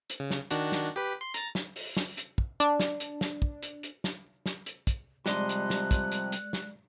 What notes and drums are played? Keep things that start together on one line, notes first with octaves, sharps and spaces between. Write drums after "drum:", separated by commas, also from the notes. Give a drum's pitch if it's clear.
drum: hi-hat
C#3
drum: snare
D#3 D4 F#4, drum: hi-hat
drum: snare
G4 B4
C6
A#5 A6, drum: hi-hat
drum: snare
drum: open hi-hat
drum: snare
drum: hi-hat
drum: kick
D4
drum: snare
drum: hi-hat
drum: snare
drum: kick
drum: hi-hat
drum: hi-hat
drum: snare
drum: snare
drum: hi-hat
drum: kick, hi-hat
C3 F3 G3 G#3 D5 D#5 C6 F#6, drum: snare
drum: hi-hat
drum: snare
drum: kick, hi-hat
drum: hi-hat
drum: hi-hat
drum: snare